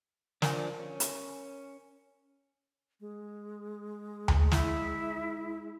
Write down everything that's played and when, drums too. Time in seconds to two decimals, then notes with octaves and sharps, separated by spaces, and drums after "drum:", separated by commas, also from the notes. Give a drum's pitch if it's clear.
0.42 F3 D4 A#4 G#5, drum: snare
0.80 C#4
1.00 drum: hi-hat
3.00 G#3
4.28 drum: tom D2
4.52 E4, drum: snare